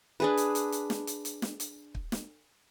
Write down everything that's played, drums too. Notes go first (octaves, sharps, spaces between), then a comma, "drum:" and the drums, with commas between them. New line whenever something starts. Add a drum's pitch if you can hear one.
D4 G#4 B4
drum: hi-hat
drum: hi-hat
drum: hi-hat
drum: snare
drum: hi-hat
drum: hi-hat
drum: snare
drum: hi-hat
drum: kick
drum: snare